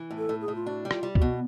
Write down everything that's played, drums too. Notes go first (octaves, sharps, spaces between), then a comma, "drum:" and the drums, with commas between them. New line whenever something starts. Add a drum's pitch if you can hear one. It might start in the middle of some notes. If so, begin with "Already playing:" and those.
Already playing: E3
A2
A4
A2
G#4
A2
F4
D4 F#4
G3
F4, drum: rim click
G3
F#4, drum: kick C#2
B2